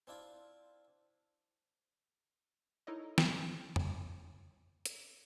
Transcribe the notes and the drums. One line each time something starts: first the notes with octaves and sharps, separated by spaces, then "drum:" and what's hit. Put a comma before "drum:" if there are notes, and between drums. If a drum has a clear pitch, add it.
C4 D4 E4 F4
D#4 E4 A4 A#4 C#5 D#5
drum: snare
drum: tom F2
drum: hi-hat